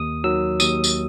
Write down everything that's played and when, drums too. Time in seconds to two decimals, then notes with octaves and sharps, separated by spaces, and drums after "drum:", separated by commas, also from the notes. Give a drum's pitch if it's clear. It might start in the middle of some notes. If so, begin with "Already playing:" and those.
Already playing: D#2 D#6
0.24 D#3 F#3 E6
0.60 D#2 D#6, drum: tambourine
0.84 drum: tambourine